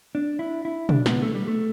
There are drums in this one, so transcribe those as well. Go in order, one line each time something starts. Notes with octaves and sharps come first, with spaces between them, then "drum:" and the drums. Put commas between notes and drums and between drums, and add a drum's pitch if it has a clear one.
D4
E4
E4
D4, drum: tom
B3, drum: snare
A3
G3
A3